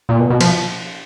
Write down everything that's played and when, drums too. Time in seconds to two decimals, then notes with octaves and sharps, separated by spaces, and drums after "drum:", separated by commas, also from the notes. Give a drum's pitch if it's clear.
0.09 A#2
0.20 B2
0.30 B2
0.41 F3, drum: cymbal